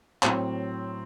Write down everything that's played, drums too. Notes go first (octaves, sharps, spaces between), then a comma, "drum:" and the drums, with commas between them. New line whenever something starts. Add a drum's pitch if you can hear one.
A2 F#3 C4, drum: clap